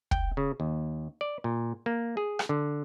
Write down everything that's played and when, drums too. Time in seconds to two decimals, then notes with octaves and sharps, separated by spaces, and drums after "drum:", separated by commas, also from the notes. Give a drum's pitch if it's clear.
0.11 G5, drum: kick
0.37 C#3
0.60 D#2
1.21 D5
1.44 A#2
1.86 A#3
2.17 G#4
2.39 drum: rim click
2.49 D3